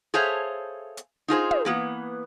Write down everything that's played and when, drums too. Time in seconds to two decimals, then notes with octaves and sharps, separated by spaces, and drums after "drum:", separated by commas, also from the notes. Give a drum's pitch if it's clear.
0.14 G#4 A4 C5 C#5 E5 F5
0.97 drum: hi-hat
1.28 D#4 F4 G#4 C5
1.51 drum: tom
1.65 E3 A#3 B3